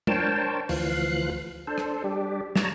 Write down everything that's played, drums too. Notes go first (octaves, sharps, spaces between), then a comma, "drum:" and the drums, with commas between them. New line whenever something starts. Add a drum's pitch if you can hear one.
D4 A#4 C5 C#5 G5 A5, drum: tom G#3
D2 E3 F3 F5 F#6, drum: open hi-hat
D4 A4 C5
drum: rim click
G3 D4 G4
C#5 A5 A#5, drum: snare